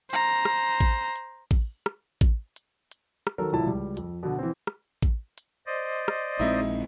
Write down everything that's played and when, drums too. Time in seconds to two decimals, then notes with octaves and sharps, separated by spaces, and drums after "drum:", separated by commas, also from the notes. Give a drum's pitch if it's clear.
0.10 C5 A#5, drum: hi-hat
0.45 drum: rim click
0.81 drum: kick A1, hi-hat
1.16 drum: hi-hat
1.51 drum: kick A1, open hi-hat
1.86 drum: rim click
2.21 drum: kick A1, hi-hat
2.56 drum: hi-hat
2.92 drum: hi-hat
3.27 drum: rim click
3.38 D#3 F#3 A4 A#4
3.52 C2 A2 F3 F#3 E4 A5
3.67 C#2 G3
3.97 F2, drum: hi-hat
4.23 B2 D3
4.38 E3 C4
4.67 drum: rim click
5.03 drum: kick A1, hi-hat
5.38 drum: hi-hat
5.66 C5 D5 D#5
6.08 drum: rim click
6.39 A#1 G#3 C4 D#4 E4